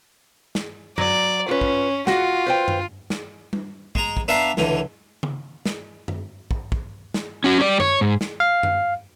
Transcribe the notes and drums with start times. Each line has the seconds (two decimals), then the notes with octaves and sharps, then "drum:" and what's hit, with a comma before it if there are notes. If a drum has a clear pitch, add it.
0.55 drum: snare
0.98 F#3 D5, drum: tom F#2
1.49 C#4 F4 B4
1.61 drum: kick
2.07 F4 F#4 F#5, drum: snare
2.47 B4 C5 G5
2.68 drum: tom F#2
3.10 drum: snare
3.53 drum: tom G3
3.95 G#3 A#5, drum: kick
4.17 drum: kick
4.28 B3 D4 E5 F5 A#5 C6
4.57 C#2 D3 E3, drum: snare
5.23 drum: tom C#3
5.66 drum: snare
6.08 drum: tom F#2
6.51 drum: kick
6.72 drum: kick
7.14 drum: snare
7.44 C#4 F#4
7.60 G3 D5
7.80 C#5, drum: tom F#2
8.01 G#2
8.21 drum: snare
8.40 F5
8.63 drum: tom F#2